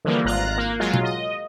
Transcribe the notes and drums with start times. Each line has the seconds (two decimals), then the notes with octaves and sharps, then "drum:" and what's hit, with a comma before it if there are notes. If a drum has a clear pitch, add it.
0.05 D3 E3 F3 G3 A#3
0.25 G#1 F4 A#5 F#6
0.58 A#3
0.80 F#3 G#3 F4
0.94 drum: tom B2
1.03 D#5